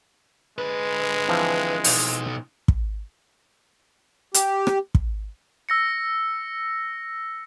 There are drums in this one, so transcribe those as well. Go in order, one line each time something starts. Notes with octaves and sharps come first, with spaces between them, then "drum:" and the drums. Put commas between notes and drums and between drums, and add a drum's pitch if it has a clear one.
D3 G#3 B4
E3 F3 C4
B2 D#4, drum: open hi-hat
drum: kick
G4, drum: hi-hat
drum: rim click
drum: kick
E6 A#6 C#7